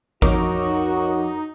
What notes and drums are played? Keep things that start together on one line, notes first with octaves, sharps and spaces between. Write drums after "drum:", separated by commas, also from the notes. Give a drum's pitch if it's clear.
F2 D#4 F#4 A#4 C#5 D6, drum: kick G#1